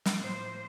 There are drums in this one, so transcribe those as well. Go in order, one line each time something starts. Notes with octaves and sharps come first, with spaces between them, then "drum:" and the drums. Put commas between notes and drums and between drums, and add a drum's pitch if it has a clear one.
drum: snare
A2 F3 A#3 C5